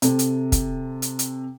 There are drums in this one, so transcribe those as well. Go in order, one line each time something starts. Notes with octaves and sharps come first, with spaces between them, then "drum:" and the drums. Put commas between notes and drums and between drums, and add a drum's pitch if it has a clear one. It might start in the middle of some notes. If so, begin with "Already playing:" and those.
C3 A4, drum: hi-hat
drum: hi-hat
drum: kick, hi-hat
drum: hi-hat
drum: hi-hat